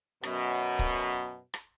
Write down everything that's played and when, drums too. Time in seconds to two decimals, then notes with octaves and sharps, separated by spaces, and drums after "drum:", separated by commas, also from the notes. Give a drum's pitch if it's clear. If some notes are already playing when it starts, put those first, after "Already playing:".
0.23 F#2 B2, drum: rim click
0.79 drum: kick C#1
1.54 drum: rim click